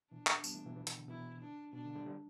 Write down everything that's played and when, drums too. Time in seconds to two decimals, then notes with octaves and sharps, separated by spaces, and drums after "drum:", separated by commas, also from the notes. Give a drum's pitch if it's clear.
0.11 B2 E3 D4
0.27 drum: clap
0.44 G3 B3, drum: tambourine
0.54 E3 A3
0.66 B2 E3
0.76 B2 E3
0.87 B2 E3, drum: hi-hat
0.98 D3
1.08 B2 E3 E4
1.41 D4
1.73 B2 D4
1.85 D3
1.95 D3 G3
2.06 D3 G3